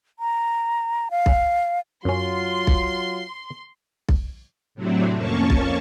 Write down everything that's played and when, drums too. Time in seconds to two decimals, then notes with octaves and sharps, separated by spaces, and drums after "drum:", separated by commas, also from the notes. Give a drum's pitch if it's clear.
0.19 A#5
1.11 F5
1.26 drum: kick B1
2.05 F#2 F#3 C#4 F4 C6
2.67 drum: kick B1
4.09 drum: kick B1
4.75 A2 C3 F#3 A3 C4 D4
5.15 F2 A#3 C#4 A5 C#6
5.50 drum: kick B1